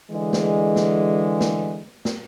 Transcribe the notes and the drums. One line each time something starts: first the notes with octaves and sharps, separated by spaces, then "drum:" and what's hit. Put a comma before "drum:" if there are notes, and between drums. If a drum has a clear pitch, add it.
D3 E3 G#3
drum: snare
drum: snare
drum: snare
drum: snare